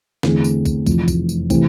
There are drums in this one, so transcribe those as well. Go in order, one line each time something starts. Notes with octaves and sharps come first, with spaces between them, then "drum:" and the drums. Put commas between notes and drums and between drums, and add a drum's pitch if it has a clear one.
E2 D3 A3 C4 G#4, drum: snare
drum: tambourine
drum: kick, tambourine
F1 F2 E3, drum: kick, tambourine
drum: kick, tambourine
drum: tambourine
C3 E3 A3 C4, drum: kick, tambourine